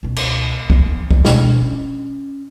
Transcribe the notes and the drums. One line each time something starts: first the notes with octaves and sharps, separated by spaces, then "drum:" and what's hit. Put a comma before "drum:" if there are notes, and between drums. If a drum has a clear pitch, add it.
C#2 B2
drum: cymbal
B3, drum: kick
drum: kick
B2 D4, drum: snare G#3
C#4